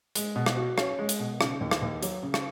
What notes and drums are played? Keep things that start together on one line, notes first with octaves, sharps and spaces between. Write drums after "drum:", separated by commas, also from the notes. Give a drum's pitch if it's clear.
G#3, drum: hi-hat
B2
drum: rim click
F#4
C#4, drum: rim click
G#3
drum: hi-hat
B2
C#3, drum: rim click
D#2
drum: rim click
D#2
F#3, drum: hi-hat
C#3
drum: rim click